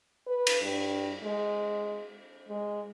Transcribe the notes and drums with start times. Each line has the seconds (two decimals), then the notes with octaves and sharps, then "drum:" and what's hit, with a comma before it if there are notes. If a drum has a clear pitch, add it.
0.27 B4
0.47 drum: cymbal
0.62 G2
1.23 G#3
2.49 G#3